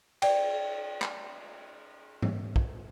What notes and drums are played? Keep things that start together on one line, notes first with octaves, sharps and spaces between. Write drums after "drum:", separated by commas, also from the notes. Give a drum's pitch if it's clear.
D5 G5, drum: cymbal
drum: clap
drum: tom G#2
drum: kick